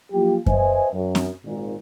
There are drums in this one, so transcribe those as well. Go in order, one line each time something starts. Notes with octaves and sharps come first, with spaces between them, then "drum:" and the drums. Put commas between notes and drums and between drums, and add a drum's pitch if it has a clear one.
F3 F#3 A#3 F4 G4
B4 C5 D#5 E5 G#5, drum: kick F#2
F#2
drum: snare C4
G#1 A#2